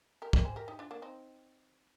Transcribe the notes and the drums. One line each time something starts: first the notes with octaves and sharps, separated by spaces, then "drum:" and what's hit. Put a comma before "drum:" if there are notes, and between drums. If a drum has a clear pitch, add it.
G4 A#4
G4 A#4, drum: kick
G#4 C5
G4 A#4
D#4 G4
D4 F4
A#3 D4
C4 D#4